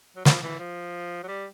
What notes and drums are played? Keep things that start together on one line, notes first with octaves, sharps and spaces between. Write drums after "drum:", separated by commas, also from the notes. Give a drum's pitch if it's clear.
F#3
F3, drum: snare
E3
F3
F#3
G3